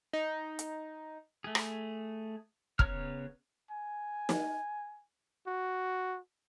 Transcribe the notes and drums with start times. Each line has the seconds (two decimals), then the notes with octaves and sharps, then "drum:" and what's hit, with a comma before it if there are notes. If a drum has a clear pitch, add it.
0.13 D#4
0.59 drum: hi-hat
1.44 A3 G#4
1.55 drum: rim click
2.79 C#3 B3 C#5 A#5 F6, drum: kick
3.71 G#5
4.29 drum: snare
5.47 F#4